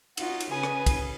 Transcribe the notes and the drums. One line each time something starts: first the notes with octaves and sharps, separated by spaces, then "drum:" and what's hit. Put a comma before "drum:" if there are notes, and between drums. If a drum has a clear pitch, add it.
D#4 F4 F#4, drum: cymbal
drum: cymbal
C#3 B4 G#5 D#6
drum: rim click
drum: kick, cymbal